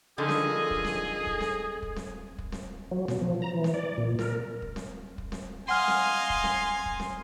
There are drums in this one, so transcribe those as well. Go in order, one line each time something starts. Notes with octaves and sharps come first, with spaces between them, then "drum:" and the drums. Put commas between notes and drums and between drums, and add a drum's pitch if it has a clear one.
D3 D#3 F3 G#4 A4 D#5 G#5
drum: snare C4
drum: kick
drum: snare C4
drum: kick
drum: snare C4
drum: kick
drum: snare C4
drum: kick
drum: snare C4
F#3
B2, drum: snare C4
F3
A#5
E3
drum: snare C4
D5
A#2
A#4, drum: snare C4
drum: kick
drum: snare C4
drum: kick
drum: snare C4
D#5 F5 F#5 G#5 C6 F6
drum: snare C4
drum: kick
drum: snare C4
drum: kick
drum: snare C4